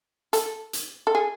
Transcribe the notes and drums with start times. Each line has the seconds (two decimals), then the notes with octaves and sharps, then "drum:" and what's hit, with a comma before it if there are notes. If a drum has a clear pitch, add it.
0.33 A4, drum: hi-hat
0.73 drum: hi-hat
1.07 A4
1.15 G#4